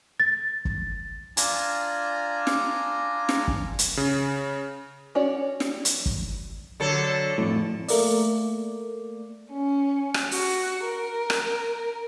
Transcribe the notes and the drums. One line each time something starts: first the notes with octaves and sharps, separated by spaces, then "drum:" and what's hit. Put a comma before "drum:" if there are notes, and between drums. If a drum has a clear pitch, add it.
A6
drum: kick
D4 F4 G#5 A#5, drum: hi-hat
drum: snare
drum: snare
drum: kick
drum: hi-hat
C#3
C#4 F#4 C#5 D5
drum: snare
drum: hi-hat
drum: kick
D3 F#3 A4
F2 A2
A3 A#3 D5, drum: open hi-hat
C#4
drum: rim click
F#4, drum: open hi-hat
A#4
drum: rim click